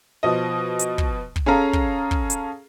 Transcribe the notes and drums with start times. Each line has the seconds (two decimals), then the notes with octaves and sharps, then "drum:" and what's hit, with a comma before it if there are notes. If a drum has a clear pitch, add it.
0.23 B2 F3 D#5
0.79 drum: hi-hat
0.98 drum: kick
1.36 drum: kick
1.46 C#4 G#4 A4 F5 A#5
1.73 drum: kick
2.11 drum: kick
2.30 drum: hi-hat